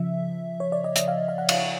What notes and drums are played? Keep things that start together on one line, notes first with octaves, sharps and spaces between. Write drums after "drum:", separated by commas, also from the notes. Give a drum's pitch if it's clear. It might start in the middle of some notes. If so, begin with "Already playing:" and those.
Already playing: C#3 F3 E5
C#5
D5
D#5
E5, drum: hi-hat
F5
F5
F#5
drum: cymbal